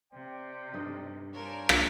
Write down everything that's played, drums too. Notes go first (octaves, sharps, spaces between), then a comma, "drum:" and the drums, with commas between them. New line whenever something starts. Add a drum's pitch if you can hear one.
C3 C5 D5 G5
G2 D#4 A4
G3 D4 F4 A#4 C5 C#5 G#5
drum: rim click